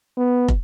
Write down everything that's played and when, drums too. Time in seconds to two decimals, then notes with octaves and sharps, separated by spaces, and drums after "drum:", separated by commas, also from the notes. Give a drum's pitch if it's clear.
0.17 B3
0.48 drum: kick